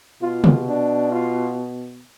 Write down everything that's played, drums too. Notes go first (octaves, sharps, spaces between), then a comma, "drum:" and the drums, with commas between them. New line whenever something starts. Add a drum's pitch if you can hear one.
B2 F4
drum: tom
D4
F4